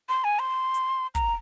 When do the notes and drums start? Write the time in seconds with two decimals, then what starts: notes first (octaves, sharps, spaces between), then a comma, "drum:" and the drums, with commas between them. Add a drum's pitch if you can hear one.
0.09 C6
0.24 G#5
0.39 C6
0.74 drum: hi-hat
1.15 A#5, drum: kick, hi-hat